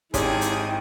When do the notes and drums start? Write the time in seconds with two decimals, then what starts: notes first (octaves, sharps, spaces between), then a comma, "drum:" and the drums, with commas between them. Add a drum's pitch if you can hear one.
0.14 G#1 G#2 D4 E4 G4 G#4 C#5 G5, drum: kick, hi-hat
0.41 drum: hi-hat